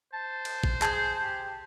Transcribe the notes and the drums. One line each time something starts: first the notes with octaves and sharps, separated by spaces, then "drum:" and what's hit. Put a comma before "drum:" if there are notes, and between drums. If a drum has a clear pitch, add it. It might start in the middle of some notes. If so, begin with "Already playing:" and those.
C5 A5
drum: cymbal
drum: kick A1
G#4 A5 G6, drum: clap
G4